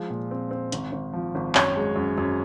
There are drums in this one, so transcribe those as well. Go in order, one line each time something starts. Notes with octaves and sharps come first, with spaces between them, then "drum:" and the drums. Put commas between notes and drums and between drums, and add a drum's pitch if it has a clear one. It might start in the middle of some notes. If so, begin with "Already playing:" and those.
Already playing: F3 G#3
A#2
C4
C4
G#1, drum: hi-hat
G#1
F3
G#1
F#2 C#5, drum: clap
G#3
F#2
F#2